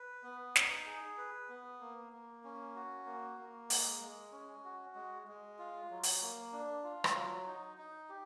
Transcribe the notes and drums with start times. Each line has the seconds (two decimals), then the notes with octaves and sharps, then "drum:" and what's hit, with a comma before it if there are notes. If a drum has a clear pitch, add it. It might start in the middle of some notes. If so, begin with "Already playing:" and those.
Already playing: B4
0.23 B3
0.56 D#4, drum: snare
0.86 G#4
1.18 B4
1.49 B3
1.80 A#3
2.13 A#3
2.44 C#4
2.75 F#4
3.06 A#3
3.38 A#3
3.70 G#3, drum: open hi-hat
4.01 G#3
4.32 C#4
4.65 F#4
4.95 G#3
5.27 G#3
5.59 F4
5.90 F#3
6.03 drum: open hi-hat
6.21 A#3
6.53 D4
6.84 F4
7.04 drum: rim click
7.15 F#3
7.48 D#4
7.78 D#4
8.09 G4